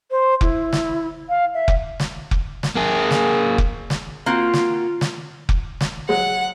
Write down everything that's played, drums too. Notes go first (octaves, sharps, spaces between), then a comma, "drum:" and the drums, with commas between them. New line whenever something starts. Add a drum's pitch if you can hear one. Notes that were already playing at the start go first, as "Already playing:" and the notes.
C5
E4, drum: kick F1
drum: snare
F5
E5
drum: kick F1
drum: snare
drum: kick F1
drum: snare
A#3 G#4
drum: snare
drum: kick F1
drum: snare
A#3 C4 F4 F#4
drum: snare
drum: snare
drum: kick F1
drum: snare
F#3 G#3 F#5